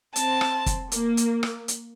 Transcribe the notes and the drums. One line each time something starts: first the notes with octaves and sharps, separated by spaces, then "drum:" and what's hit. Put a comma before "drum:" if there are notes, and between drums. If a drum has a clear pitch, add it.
C4 A5, drum: hi-hat
drum: rim click
drum: kick, hi-hat
A#3, drum: hi-hat
drum: hi-hat
drum: rim click
drum: hi-hat